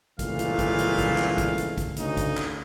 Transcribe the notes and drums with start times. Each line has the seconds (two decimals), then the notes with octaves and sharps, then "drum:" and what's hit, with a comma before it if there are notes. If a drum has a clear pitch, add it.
0.19 G1 C#2 A#2 E3 A3 F5, drum: kick, hi-hat
0.39 drum: hi-hat
0.59 drum: kick, hi-hat
0.78 drum: hi-hat
0.98 drum: kick, hi-hat
1.18 drum: clap
1.38 drum: kick, hi-hat
1.58 drum: hi-hat
1.78 drum: kick, hi-hat
1.96 D2 C#3 D#4, drum: hi-hat
2.17 drum: kick, hi-hat
2.37 drum: clap